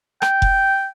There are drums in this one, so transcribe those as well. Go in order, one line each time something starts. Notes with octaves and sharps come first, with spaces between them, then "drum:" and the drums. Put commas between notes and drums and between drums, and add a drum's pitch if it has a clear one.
G5, drum: rim click
drum: kick F1